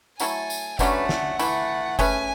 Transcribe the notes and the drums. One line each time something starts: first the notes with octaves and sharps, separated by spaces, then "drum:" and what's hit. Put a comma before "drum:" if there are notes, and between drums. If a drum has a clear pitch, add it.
F#3 A3 E4 A4 G#5, drum: tambourine
drum: tambourine
D3 F#3 A3 C#4 B4, drum: kick F#1, tambourine
F#5, drum: snare
E3 A3 E4, drum: tambourine
A3 C#4 G#4 B4 G#5, drum: kick F#1, tambourine